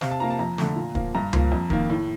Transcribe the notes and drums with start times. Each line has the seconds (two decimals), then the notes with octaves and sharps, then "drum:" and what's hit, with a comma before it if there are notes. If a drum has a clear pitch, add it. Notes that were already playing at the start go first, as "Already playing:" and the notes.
0.01 C3 F5, drum: snare
0.11 A5
0.20 F3 A#3 A#5
0.30 A5
0.39 F2 A#5
0.58 D3 A3, drum: snare
0.76 A#2
0.95 F3 A#3, drum: kick
1.15 G2 A#5
1.33 F3 A#3, drum: tom C#2
1.52 F2
1.70 D#3 A#3, drum: kick
1.90 A2